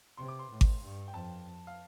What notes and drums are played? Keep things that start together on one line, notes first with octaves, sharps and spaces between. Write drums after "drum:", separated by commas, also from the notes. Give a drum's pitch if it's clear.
C3 C6
D6
C6
A2
drum: kick G#1
G2
G5
F2 A5
F5